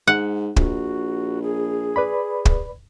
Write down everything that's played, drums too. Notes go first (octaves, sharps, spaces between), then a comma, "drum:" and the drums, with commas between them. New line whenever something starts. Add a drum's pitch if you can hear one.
G#2 F#5
A#1 F#4, drum: kick
G#4
B4 D5 B5
drum: kick